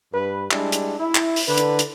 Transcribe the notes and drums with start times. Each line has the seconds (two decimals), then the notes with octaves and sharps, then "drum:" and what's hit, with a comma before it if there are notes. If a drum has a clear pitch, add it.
0.14 G2 B4
0.51 G3 G#3 D4 E4, drum: clap
0.72 drum: hi-hat
0.99 E4
1.15 drum: clap
1.36 drum: open hi-hat
1.47 D3 B4
1.58 drum: hi-hat
1.79 drum: hi-hat